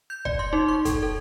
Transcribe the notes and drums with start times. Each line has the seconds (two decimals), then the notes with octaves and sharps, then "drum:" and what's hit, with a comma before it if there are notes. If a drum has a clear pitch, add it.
0.10 G6
0.25 D5, drum: kick
0.39 C6
0.53 D#4
0.68 C#6
0.85 A4, drum: kick, hi-hat
1.03 A4